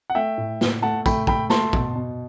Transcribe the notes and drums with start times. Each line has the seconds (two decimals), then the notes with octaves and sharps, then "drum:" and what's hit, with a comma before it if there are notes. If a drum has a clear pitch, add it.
0.10 F#5
0.15 A3 E5 G5
0.37 A2
0.61 A2, drum: snare
0.82 A3 F#5 A5
1.06 A3 G5 B5, drum: kick, tambourine
1.27 A3 G5 B5, drum: kick
1.50 A3 A5 C6, drum: snare
1.73 B2, drum: kick
1.95 B2